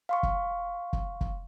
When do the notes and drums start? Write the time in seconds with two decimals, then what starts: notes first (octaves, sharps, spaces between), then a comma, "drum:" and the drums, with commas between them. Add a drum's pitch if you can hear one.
0.09 F5 C6 C#6
0.23 drum: kick
0.93 drum: kick
1.21 drum: kick